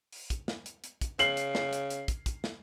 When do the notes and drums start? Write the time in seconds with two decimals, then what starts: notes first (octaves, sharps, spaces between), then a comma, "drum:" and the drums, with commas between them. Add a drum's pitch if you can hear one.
0.12 drum: open hi-hat
0.30 drum: kick, hi-hat
0.48 drum: snare
0.66 drum: hi-hat
0.84 drum: hi-hat
1.01 drum: kick, hi-hat
1.19 C#3 C7 F#7, drum: hi-hat
1.37 drum: hi-hat
1.55 drum: snare
1.73 drum: hi-hat
1.90 drum: hi-hat
2.08 drum: kick, hi-hat
2.26 drum: kick, hi-hat
2.44 drum: snare